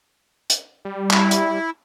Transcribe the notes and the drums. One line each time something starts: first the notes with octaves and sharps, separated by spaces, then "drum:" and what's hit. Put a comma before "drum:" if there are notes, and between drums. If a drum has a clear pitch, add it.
drum: hi-hat
G3
E4, drum: clap
drum: hi-hat